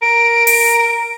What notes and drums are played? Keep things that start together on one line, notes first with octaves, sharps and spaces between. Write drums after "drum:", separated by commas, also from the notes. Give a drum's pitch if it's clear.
A#4 D7
drum: open hi-hat